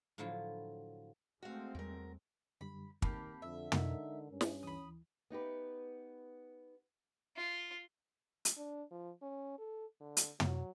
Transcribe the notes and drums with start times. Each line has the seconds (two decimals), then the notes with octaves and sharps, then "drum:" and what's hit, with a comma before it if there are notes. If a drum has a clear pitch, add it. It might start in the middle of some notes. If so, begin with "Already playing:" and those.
0.18 A2 D3 F3 F#3 E4 F4
1.43 G#3 A3 C4 F#4 F5
1.75 E2 F#3 G3 A#4
2.61 F#2 D3 G3 B5
3.02 D#3 A#3 C4 G4 A5 B5, drum: kick
3.42 F2 D3 E5
3.72 G#3 D#4 A#4, drum: tom
4.31 G2 C#4
4.41 drum: snare
4.63 D2 E3 B5 D#6
5.30 B3 D#4 G4 B4
7.37 F4
8.45 drum: hi-hat
8.58 D4
8.91 F3
9.22 C#4
9.59 A4
10.00 D3
10.17 drum: hi-hat
10.40 F#3, drum: tom